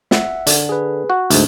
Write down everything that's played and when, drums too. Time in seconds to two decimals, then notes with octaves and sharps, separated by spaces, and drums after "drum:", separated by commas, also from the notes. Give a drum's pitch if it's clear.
0.11 E5 F#5, drum: snare
0.47 D3, drum: hi-hat
0.69 G#4 B4
1.10 F#4
1.30 D2 G#2 E5, drum: hi-hat